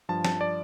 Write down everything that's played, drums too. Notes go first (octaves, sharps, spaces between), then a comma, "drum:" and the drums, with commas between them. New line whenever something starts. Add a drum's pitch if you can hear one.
G2 F3 A5
A5, drum: snare
D5